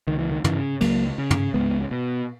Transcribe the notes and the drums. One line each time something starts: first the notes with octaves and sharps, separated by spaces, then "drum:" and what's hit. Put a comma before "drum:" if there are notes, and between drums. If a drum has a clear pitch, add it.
C#2 D#3
E3
D#3
C#3 E3, drum: tom
C#2 F#3 A#3, drum: cymbal
C#3
drum: tom
C#2 G#3 B3
B2